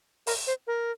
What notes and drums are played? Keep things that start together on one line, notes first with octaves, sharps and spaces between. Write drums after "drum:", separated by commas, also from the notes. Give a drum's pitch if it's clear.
A#4, drum: open hi-hat
C5
A#4